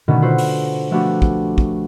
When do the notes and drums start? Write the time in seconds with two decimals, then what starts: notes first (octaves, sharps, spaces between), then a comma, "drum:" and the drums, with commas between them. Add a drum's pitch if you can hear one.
0.08 B2 D3 D#3 A3 B3 C#4
0.22 F4 F#4 B4 C5 F#5 E6
0.38 D7, drum: open hi-hat
0.91 F3 A3 B3 D4 F#4 G4
1.22 drum: kick
1.58 drum: kick